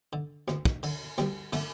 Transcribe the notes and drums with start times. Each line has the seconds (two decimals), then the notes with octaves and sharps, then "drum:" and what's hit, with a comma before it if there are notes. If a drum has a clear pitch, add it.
0.13 D3
0.48 D2, drum: rim click
0.65 drum: kick
0.83 D3, drum: cymbal
1.18 D2 G3, drum: rim click
1.53 D3 A3, drum: cymbal